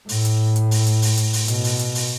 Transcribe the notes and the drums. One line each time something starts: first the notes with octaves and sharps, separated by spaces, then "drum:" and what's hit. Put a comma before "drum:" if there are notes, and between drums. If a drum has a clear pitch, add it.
A2, drum: open hi-hat
drum: hi-hat
drum: hi-hat
drum: open hi-hat
drum: hi-hat
drum: open hi-hat
drum: hi-hat
drum: open hi-hat
B2, drum: hi-hat
drum: open hi-hat
drum: hi-hat
drum: open hi-hat